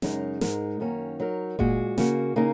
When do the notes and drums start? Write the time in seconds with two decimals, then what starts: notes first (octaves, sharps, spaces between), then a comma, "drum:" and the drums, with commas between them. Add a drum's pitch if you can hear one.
0.02 F#2 C#3 G#3 D#4 A#4, drum: snare
0.41 G#2 G#3 D#4 A#4, drum: snare
0.80 F#2 D#3 A#3 C#4
1.20 F#3 D#4 A#4
1.59 A#2 G#3 F#4, drum: kick F#1
1.98 C#3 A#3 F#4, drum: snare
2.36 C#3 A#3 D#4